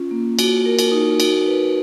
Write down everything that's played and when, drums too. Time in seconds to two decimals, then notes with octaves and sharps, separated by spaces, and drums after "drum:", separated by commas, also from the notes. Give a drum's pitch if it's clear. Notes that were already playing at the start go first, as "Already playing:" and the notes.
Already playing: C#4 F4
0.11 A#3
0.39 F#4, drum: cymbal
0.66 A#4
0.79 drum: cymbal
0.92 D#4
1.20 F#4, drum: cymbal
1.46 B4